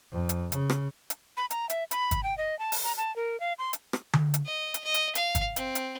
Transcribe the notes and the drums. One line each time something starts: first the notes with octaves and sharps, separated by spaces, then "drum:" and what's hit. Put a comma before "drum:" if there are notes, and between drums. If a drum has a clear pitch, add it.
F2
drum: hi-hat
C#3, drum: hi-hat
drum: rim click
drum: hi-hat
B5
A#5, drum: hi-hat
E5, drum: hi-hat
B5, drum: hi-hat
drum: kick G1, hi-hat
G5
D#5
A5
drum: open hi-hat
A#5
A5
A#4
F5
C6
drum: hi-hat
drum: rim click
drum: tom D3
drum: hi-hat
D#5
drum: hi-hat
D#5
drum: hi-hat
F5, drum: hi-hat
drum: kick G1, hi-hat
C4, drum: hi-hat
drum: hi-hat